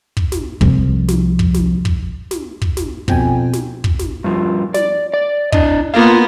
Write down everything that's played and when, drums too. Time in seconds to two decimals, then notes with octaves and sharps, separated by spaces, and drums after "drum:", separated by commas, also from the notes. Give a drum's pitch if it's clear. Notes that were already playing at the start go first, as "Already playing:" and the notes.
0.17 drum: kick
0.32 drum: snare
0.61 C2 F3, drum: kick
1.08 drum: snare
1.39 drum: kick
1.54 drum: snare
1.85 drum: kick
2.31 drum: snare
2.62 drum: kick
2.77 drum: snare
3.08 F2 B2 G5 G#5, drum: kick
3.53 drum: snare
3.84 drum: kick
3.99 drum: snare
4.24 G2 F3
4.74 D5, drum: snare
5.14 D5
5.52 D4 D#5, drum: kick
5.94 A#3 B3 F4 F5